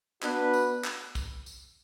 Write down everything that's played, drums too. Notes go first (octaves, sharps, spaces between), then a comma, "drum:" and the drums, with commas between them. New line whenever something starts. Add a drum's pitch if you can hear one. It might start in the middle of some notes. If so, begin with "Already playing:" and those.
B3 D4 F#4 B4, drum: clap
drum: tambourine
drum: clap
drum: kick, tambourine
drum: tambourine